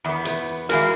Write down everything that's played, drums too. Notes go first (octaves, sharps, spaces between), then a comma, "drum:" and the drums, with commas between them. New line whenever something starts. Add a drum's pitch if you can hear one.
E2 B3
drum: hi-hat
E3 G#3 F#4 A#4 F5, drum: hi-hat